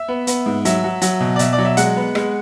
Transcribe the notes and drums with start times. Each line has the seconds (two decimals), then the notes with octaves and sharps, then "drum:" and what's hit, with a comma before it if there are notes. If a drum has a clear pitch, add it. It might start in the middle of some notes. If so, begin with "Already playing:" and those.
Already playing: E5
0.08 B3
0.27 B3, drum: hi-hat
0.46 G#2
0.65 F#3 E5, drum: hi-hat
0.84 F#3
1.02 F#3, drum: hi-hat
1.20 B2
1.36 D5
1.39 B2 E5, drum: hi-hat
1.53 D5
1.58 F#3
1.65 E5
1.77 G#3 F#5, drum: hi-hat
1.96 B3
2.15 G#3, drum: rim click